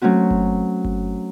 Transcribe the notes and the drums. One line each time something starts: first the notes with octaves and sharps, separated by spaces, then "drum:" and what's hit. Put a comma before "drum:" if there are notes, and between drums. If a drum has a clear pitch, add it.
F#3 A3 C4 C#4 F#4
drum: kick G1
drum: kick G1